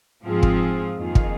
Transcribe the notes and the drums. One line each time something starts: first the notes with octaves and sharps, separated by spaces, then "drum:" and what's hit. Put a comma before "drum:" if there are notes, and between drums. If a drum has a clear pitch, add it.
G#2 F3 C4 F4 G#4
drum: kick
F2 D#3 A#3 F4 G#4
drum: kick